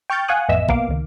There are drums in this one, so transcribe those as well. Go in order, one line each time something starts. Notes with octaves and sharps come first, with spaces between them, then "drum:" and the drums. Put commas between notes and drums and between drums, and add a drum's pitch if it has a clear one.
G5 C#6 F6 G6 A6
F5 F#5 G#5 C#6 D#6 F#6
A1 F2 B3 D#5 E5 E6
A#1 B2 A#3 B3 F5 D6, drum: kick
C#2 D#3